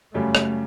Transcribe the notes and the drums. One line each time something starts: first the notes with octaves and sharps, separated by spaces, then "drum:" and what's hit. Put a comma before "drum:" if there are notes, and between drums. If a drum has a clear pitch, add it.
F#2 C#3 G3 A3
drum: rim click